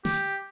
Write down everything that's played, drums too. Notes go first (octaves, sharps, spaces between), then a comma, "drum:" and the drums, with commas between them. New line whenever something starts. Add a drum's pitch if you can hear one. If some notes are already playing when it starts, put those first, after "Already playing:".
G4, drum: snare